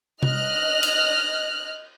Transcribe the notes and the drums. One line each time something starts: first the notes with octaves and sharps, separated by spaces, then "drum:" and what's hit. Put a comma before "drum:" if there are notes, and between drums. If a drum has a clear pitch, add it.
D#5 F6 F#6, drum: tom C3
drum: cymbal